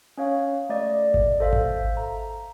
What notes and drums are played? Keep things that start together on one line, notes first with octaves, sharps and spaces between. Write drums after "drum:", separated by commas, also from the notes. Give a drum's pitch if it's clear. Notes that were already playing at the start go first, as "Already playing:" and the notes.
C#4 C#5 F5
A3 D5 D#5
drum: kick G#1
A4 C5 E5 F5
drum: kick G#1
A#5